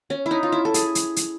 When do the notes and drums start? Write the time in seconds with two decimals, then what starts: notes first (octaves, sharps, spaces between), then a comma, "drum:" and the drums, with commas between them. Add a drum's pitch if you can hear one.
0.10 C#4
0.26 E4
0.31 D#4
0.43 F4
0.52 E4
0.65 A4
0.74 G#4, drum: hi-hat
0.95 drum: hi-hat
1.16 drum: hi-hat